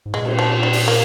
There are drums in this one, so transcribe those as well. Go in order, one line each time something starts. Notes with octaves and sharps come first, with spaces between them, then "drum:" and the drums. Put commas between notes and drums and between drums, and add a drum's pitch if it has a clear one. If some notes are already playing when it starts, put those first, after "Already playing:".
G#2
A#2 G#3
drum: cymbal
F3
G3
drum: open hi-hat
A#3